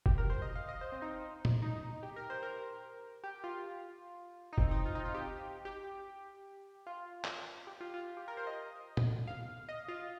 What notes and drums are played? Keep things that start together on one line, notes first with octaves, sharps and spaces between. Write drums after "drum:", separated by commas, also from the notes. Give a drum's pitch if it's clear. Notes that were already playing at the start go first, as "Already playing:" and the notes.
G4, drum: kick F1
A#4
C5
D#5
F5
D#5
C5
C4
D#4
D#4
drum: tom A#2
D#4
G4
A#4
C5
A#4
G4
F4
D#4
C4, drum: kick F1
D#4
F4
D#4
F4
G4
G4
F4
drum: clap
G4
F4
F4
G4
A#4
C5
D#5
drum: tom A#2
F5
D#5
F4